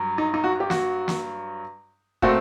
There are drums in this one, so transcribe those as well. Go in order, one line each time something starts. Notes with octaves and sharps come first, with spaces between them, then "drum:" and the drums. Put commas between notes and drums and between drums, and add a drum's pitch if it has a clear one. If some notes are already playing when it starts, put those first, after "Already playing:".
Already playing: G2 F#3
D#4
D#4
F#4
G4
F#4, drum: snare
drum: snare
A#2 A3 C4 F#4, drum: kick